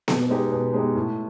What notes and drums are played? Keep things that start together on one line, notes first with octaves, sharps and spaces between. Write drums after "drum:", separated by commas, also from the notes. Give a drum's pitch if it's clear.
B2, drum: snare B3
G#3 B3 D#4 G4
B2
G#3 B3 D#4 G4
A2